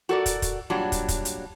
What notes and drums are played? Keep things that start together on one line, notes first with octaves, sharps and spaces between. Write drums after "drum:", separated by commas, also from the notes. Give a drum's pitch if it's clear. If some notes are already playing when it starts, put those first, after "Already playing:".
F#4 A4 A#4 D5
drum: kick, hi-hat
drum: kick, hi-hat
A#2 F#3 G3 D4
drum: kick, hi-hat
drum: kick, hi-hat
drum: hi-hat